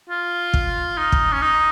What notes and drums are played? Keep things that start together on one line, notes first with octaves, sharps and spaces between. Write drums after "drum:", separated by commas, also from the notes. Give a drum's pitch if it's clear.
F4
drum: kick
D#4
drum: kick
C#4
D#4